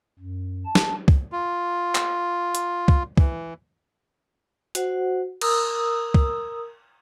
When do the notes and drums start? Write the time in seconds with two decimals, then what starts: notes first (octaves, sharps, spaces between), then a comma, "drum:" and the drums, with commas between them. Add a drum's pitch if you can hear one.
0.19 F#2
0.65 A5
0.75 drum: snare
1.08 drum: kick C2
1.32 F4
1.95 drum: clap
2.55 drum: hi-hat
2.88 drum: kick C2
3.17 E3, drum: kick C2
4.75 F#4 C5 F#5, drum: hi-hat
5.41 A#4 A#5 D#6 E6, drum: cymbal
6.14 drum: kick C2